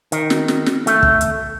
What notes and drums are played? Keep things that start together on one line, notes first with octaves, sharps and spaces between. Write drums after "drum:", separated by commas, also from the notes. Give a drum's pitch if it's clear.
D#3, drum: hi-hat
drum: snare
drum: snare
drum: snare
A3, drum: hi-hat
drum: kick
drum: hi-hat